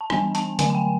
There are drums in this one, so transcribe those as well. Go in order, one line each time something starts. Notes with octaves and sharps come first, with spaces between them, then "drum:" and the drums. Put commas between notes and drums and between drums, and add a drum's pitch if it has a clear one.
A5
E3 G3 B3 D4 G#5, drum: rim click
A5, drum: hi-hat
D3 F#3 A3 G#5, drum: hi-hat
G#5
G5